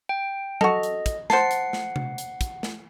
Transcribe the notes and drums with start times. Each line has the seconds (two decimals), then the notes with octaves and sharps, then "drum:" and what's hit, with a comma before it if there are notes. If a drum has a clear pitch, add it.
0.09 G5
0.61 F#4 A4 D#5, drum: tom F#3
0.83 drum: hi-hat
1.06 drum: kick, hi-hat
1.30 C5 F#5 A5 C7, drum: snare
1.51 drum: hi-hat
1.73 drum: snare
1.96 drum: tom C3
2.18 drum: hi-hat
2.41 drum: kick, hi-hat
2.63 drum: snare